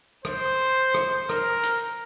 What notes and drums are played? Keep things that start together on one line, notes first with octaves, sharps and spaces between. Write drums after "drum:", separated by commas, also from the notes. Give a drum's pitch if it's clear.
C5, drum: rim click
drum: rim click
A#4, drum: rim click
drum: hi-hat